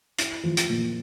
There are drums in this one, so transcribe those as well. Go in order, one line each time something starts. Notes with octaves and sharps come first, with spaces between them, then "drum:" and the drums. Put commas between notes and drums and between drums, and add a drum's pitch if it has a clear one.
E4, drum: hi-hat
F3
drum: hi-hat
A#2